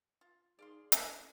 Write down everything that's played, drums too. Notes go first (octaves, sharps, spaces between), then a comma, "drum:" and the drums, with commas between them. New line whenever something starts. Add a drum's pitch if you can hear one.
F4
D#4 G#4 D5 F5 C6
C#4 E4 A4 A#6, drum: hi-hat